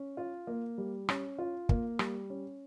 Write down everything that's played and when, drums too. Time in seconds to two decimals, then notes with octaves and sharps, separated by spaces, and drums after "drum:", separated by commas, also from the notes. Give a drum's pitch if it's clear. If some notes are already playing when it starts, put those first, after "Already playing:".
Already playing: C#4
0.17 F4
0.47 A#3
0.78 G3
1.09 C#4, drum: rim click
1.39 F4
1.69 A#3, drum: kick
1.99 G3, drum: rim click
2.30 C#4